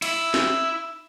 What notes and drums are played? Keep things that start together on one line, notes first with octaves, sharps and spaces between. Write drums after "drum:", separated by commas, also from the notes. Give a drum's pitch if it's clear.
E4, drum: cymbal
drum: snare